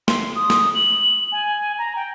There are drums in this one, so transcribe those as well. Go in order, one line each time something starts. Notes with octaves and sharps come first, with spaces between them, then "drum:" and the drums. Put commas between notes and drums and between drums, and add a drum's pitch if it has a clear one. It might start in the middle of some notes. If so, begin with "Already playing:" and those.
C6, drum: snare
D#6
drum: snare
F#7
G#5
A#5
G5